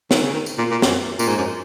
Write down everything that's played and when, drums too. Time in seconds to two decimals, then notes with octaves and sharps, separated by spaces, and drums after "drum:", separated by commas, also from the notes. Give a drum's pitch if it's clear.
0.11 D#3, drum: snare
0.21 C#3
0.33 D#3
0.46 drum: tambourine
0.58 A#2
0.71 A#2
0.82 F#2, drum: snare
1.19 A#2, drum: tambourine
1.28 G#2
1.38 F#2